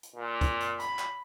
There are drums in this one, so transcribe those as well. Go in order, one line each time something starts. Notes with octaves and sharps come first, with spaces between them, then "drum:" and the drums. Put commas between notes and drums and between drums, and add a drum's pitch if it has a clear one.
drum: hi-hat
A#2
drum: kick, hi-hat
drum: hi-hat
B5, drum: hi-hat
drum: clap